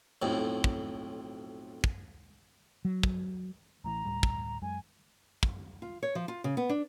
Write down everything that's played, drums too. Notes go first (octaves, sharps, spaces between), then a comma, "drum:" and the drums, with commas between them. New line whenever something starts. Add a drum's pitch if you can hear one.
B1 F2 A2
drum: kick
drum: kick
F#3
drum: kick
A1 A2 E3 A#5
D1 A2 G3
drum: kick
F#2 G#3 G#5
drum: kick
F4
C#5
F3
F4
C#3
B3
D4